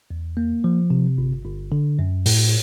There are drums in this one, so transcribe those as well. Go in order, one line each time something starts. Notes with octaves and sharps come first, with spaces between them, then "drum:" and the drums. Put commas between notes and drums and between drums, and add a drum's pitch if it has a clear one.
E2
A#3
F3
C3
G1
G1
D3
F#2
A2, drum: open hi-hat